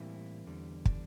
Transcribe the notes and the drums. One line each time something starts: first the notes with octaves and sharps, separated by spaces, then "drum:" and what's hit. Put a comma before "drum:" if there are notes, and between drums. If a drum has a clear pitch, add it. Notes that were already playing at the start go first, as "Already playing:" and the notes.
Already playing: A2 E3 G3 A#3 C4 E4
E2 D3 G3
D4, drum: kick